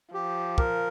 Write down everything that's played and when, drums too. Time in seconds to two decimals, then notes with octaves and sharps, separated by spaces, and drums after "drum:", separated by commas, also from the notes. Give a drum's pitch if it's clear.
0.13 F3 G4
0.58 A#4, drum: kick